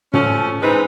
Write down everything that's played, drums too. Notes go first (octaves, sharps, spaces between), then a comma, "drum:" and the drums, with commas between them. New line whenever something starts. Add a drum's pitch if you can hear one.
F3 A3 C#4, drum: tom
E3 G#3 C4 D#4 B4